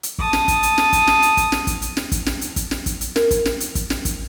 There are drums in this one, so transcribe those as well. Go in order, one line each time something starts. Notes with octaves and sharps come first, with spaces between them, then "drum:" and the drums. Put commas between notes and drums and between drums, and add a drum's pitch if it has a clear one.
drum: hi-hat
A5 D#6, drum: kick
drum: snare
drum: kick, hi-hat
drum: hi-hat
drum: snare
drum: kick, hi-hat
drum: snare
drum: hi-hat
drum: kick, hi-hat
drum: snare
drum: kick, hi-hat
drum: hi-hat
drum: snare
drum: kick, hi-hat
drum: snare
drum: hi-hat
drum: kick, hi-hat
drum: snare
drum: kick, hi-hat
drum: hi-hat
A#4, drum: snare
drum: kick, hi-hat
drum: snare
drum: hi-hat
drum: kick, hi-hat
drum: snare
drum: kick, hi-hat